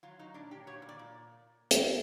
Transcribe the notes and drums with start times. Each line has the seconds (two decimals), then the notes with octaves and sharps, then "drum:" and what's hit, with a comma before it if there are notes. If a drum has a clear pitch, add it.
0.03 F#3 F4
0.19 F#3 D#4
0.34 A#2 D4
0.51 F#3 G4
0.67 A#2 C#5
0.82 A#2
0.89 D5
0.99 A#2
1.71 drum: hi-hat